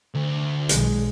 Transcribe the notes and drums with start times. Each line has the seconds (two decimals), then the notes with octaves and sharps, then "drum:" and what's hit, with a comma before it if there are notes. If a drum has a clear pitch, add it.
0.15 D2
0.69 B1 G#3, drum: hi-hat